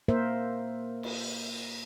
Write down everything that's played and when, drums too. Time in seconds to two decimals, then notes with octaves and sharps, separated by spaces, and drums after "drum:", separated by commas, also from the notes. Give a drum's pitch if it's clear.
0.08 A#3 A#4 C5 E5
1.03 drum: cymbal